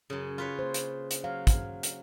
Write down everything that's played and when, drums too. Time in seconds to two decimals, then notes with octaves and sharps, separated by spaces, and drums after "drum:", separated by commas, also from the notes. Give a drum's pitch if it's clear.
0.10 F#2 C#3
0.38 F4 B4 C#5
0.59 A#3 C5
0.74 drum: hi-hat
1.11 drum: hi-hat
1.24 F#3 F5
1.47 drum: kick, hi-hat
1.83 drum: hi-hat